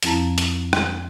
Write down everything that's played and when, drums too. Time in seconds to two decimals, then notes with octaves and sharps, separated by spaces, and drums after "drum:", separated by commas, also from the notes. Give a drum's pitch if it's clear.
0.03 F2 F3 C4 E4 A5 A#5, drum: hi-hat
0.38 drum: hi-hat
0.73 drum: rim click